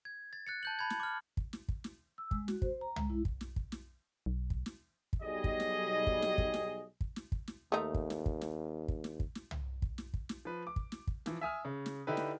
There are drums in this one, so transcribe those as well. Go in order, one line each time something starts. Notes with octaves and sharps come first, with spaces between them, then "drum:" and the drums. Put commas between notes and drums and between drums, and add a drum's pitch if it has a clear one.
G#6
A6
F#6 A6 C#7
A5 G6 F#7
A5 B5 G#6
drum: snare
D6 F6
drum: kick
drum: snare
drum: kick
drum: snare
E6
G#3, drum: kick
F#4, drum: snare
C5, drum: kick
A#5
G#3, drum: tom
E4
drum: kick
drum: snare
drum: kick
drum: snare
B1
drum: kick
drum: snare
drum: kick
B1 G3 G#4 D#5
drum: kick
drum: snare
drum: kick
drum: snare
drum: kick
drum: snare
drum: kick
drum: snare
drum: kick
drum: snare
D#2 A3 D#4
drum: kick
drum: snare
drum: kick
drum: snare
drum: kick
drum: snare
drum: kick
drum: snare
drum: tom
drum: kick
drum: snare
drum: kick
drum: snare
F3 B4
D6
drum: kick
drum: snare
drum: kick
E3 F3, drum: snare
E5 G#5 D#6 F6
C#3
drum: snare
D3 D#4 E4 G4 B4
drum: snare